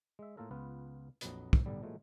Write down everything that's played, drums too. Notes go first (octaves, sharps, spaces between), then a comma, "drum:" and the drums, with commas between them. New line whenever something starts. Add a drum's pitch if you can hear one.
G#3 E5
A2 A#3 F4 A4 A#4
C#2 B3 F4 B4
A#1 F2 F#3 B4 D#5, drum: hi-hat
drum: kick
B1 G2 D3 G3
A#2 E3 F#3 G#3 A3